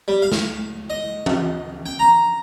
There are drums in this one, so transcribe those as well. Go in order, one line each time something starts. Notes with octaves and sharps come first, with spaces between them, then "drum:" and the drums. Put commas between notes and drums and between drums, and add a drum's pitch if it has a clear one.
G3
F5
drum: snare
D#5
drum: tom
G5
A#5